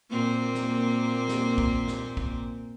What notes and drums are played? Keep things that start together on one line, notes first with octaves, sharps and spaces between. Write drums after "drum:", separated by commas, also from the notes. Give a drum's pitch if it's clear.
A#2 A#3 C4
drum: snare
drum: snare
drum: kick
drum: snare
drum: kick